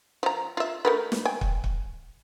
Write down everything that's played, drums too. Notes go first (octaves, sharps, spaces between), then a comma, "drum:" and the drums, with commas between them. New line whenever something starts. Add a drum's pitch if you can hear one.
F3 A#5
F4 E5
A3 A#4 B4
drum: snare
G5 G#5
drum: kick
drum: kick